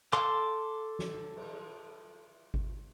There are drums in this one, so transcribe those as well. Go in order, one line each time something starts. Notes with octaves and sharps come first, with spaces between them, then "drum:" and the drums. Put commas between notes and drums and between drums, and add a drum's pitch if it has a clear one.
A4 C6 D6, drum: clap
drum: snare
drum: cymbal
drum: kick G#1